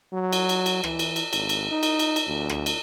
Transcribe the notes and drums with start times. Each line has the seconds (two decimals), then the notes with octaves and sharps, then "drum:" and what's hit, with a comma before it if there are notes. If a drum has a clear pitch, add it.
0.13 F#3
0.33 drum: cymbal
0.49 drum: cymbal
0.66 drum: cymbal
0.83 E3, drum: rim click
0.99 drum: cymbal
1.16 drum: cymbal
1.33 G#1, drum: cymbal
1.49 drum: cymbal
1.71 D#4
1.83 drum: cymbal
1.99 drum: cymbal
2.16 drum: cymbal
2.27 D2
2.49 drum: rim click
2.66 drum: cymbal